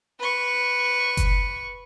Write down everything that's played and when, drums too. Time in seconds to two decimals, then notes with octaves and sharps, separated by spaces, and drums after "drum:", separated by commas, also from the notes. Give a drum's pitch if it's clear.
0.19 B4 C#6
1.17 drum: kick F#1, hi-hat